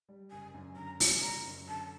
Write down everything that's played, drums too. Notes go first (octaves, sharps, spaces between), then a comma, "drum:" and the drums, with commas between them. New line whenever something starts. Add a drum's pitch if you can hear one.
G3
F#1 G#5
F#2
D3 A#5
G3, drum: open hi-hat
F#1 A#5
F#2
D3 A5